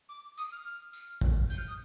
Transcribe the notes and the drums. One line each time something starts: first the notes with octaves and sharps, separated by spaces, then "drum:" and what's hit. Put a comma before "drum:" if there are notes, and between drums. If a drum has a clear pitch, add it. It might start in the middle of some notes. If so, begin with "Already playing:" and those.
D6
D#6, drum: tambourine
F6
F6
drum: tambourine
drum: kick
G6, drum: tambourine
F6
D#6